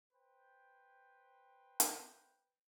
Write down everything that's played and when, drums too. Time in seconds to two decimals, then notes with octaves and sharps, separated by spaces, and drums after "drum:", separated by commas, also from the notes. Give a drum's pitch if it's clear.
0.11 B4 C5 G5
1.80 drum: hi-hat